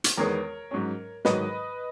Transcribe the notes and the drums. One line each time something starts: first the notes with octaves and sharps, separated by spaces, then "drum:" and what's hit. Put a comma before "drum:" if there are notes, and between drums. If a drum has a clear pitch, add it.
drum: hi-hat
E2 D#3 G#3 B3 A#4 C#5
G#2 F#3 C#4
G#2 D#3 F#3 B4 D#5, drum: snare